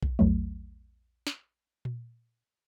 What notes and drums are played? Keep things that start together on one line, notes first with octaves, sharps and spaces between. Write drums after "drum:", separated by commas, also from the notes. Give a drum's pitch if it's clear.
drum: kick A#1
A#1 E2 F#3 A3
drum: snare
drum: tom A#2